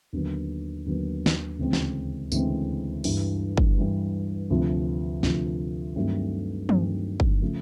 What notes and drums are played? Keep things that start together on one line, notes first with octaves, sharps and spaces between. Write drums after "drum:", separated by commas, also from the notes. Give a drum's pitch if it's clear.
D#2 D3 F#3 B3
D#2 D3 F#3 B3
drum: snare
D2 C#3 E3 G#3 C4
drum: snare
D2 C#3 E3 G#3 C4, drum: tambourine
G2 E3 G3, drum: open hi-hat
drum: kick
G2 E3 G3
D2 C3 F3
D2 C3 F3, drum: snare
G2 D#3 F#3 A3 C4
G2 D#3 F#3 A3 C4, drum: tom E3
drum: kick
C#3 F3 A3